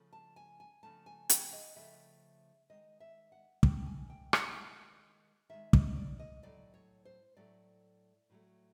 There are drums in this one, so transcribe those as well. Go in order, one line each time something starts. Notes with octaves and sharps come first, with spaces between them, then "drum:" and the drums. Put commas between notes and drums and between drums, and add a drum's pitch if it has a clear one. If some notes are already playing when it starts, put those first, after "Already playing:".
Already playing: C#3 F3 A3
A5
G#5
G#5
C#3 F3 A3 A5
G#5
G5, drum: hi-hat
D#5
C#3 F3 A3 E5
D#3 G#3 D#5
E5
F#5
D#3 G#3 G5, drum: kick
G#5
G5
F#5, drum: rim click
D#3 G#3
D#3 G#3 E5
D#5, drum: kick
D5
D#5
A2 F#3 A3 D5
C#5
C5
A2 F#3 A3 D5
A2 F#3 A3